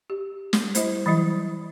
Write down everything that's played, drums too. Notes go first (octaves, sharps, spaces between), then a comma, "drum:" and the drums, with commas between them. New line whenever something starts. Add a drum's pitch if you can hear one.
G4
drum: snare
G3 E4 C5, drum: hi-hat
E3 F#3 G3 E4